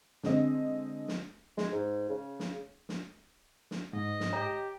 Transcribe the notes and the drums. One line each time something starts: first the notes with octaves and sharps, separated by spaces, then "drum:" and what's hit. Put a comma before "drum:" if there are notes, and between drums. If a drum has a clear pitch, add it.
D3 G#3 C4 D#5, drum: snare
drum: snare
G#3, drum: snare
G#2
C#3
drum: snare
drum: snare
drum: snare
G#2 D#5
drum: snare
G4 C#5 A#5